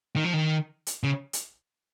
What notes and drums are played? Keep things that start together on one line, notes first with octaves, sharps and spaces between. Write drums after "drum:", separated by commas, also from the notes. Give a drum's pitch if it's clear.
D#3
F3
D#3
drum: hi-hat
C#3
drum: hi-hat